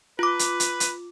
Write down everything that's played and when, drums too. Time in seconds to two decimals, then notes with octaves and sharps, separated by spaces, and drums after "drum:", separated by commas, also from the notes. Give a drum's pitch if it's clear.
0.19 F4 B4 D6
0.39 drum: hi-hat
0.60 drum: hi-hat
0.80 drum: hi-hat